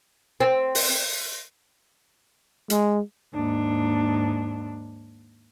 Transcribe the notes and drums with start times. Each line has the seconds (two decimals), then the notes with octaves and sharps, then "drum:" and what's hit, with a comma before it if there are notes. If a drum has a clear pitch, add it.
0.40 C4
0.75 drum: open hi-hat
2.70 G#3, drum: hi-hat
3.34 D#2 G#2 D4